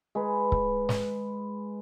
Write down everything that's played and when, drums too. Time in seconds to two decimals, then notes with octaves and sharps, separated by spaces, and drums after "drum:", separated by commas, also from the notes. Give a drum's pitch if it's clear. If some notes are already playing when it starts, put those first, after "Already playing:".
0.15 G#3 B4
0.52 drum: kick C#1
0.89 drum: snare